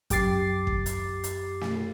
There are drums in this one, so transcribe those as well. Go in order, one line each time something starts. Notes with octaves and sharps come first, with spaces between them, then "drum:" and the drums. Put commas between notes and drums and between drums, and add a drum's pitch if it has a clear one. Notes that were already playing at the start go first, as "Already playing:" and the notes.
F#2 G4 D6 A6 C7, drum: kick, hi-hat
drum: kick
drum: hi-hat
drum: hi-hat
drum: snare